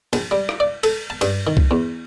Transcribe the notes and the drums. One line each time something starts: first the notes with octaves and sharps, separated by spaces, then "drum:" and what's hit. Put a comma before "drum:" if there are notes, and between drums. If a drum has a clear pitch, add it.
A#1, drum: cymbal
G3
drum: rim click
D5
A4, drum: cymbal
A5
G2, drum: cymbal
D#3
drum: kick C2
E2